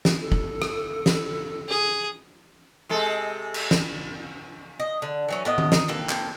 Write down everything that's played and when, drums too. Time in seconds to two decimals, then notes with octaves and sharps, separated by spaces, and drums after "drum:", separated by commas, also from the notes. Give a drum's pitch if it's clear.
0.05 drum: snare
0.21 A4
0.32 drum: kick
0.62 drum: rim click
1.06 drum: snare
1.68 G#4
2.89 C3 G#3 A4
3.54 drum: cymbal
3.71 drum: snare
4.80 D#5
5.02 D3
5.29 E3 F#3 C#4
5.45 A2 B3 D#5
5.58 drum: tom D#3
5.72 D#4, drum: snare
5.88 A#3 G4 A4 B4
6.09 drum: clap